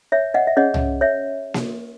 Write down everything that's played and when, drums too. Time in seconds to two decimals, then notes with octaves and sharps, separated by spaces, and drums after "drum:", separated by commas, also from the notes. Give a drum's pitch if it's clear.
0.12 C#5 E5
0.34 D#5 F#5
0.47 E5
0.57 C#4 G#4 C#5 D#5 F#5
0.74 drum: tom C2
1.01 C#5 E5
1.54 drum: snare A#3